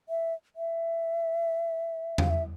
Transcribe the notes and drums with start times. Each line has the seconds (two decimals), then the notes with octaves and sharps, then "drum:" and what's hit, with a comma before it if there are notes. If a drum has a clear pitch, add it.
0.09 E5
0.56 E5
2.18 F5, drum: tom E2
2.30 E5